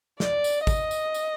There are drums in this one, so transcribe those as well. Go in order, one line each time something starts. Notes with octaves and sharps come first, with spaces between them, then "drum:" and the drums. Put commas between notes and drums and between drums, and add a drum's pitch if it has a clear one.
D5, drum: snare
drum: tambourine
D#5, drum: kick, tambourine
drum: tambourine
drum: tambourine